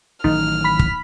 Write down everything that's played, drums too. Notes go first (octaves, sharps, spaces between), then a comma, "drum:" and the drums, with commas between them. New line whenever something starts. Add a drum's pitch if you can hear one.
A1 D#3 F#3 D#4 F6
B5 B6
drum: kick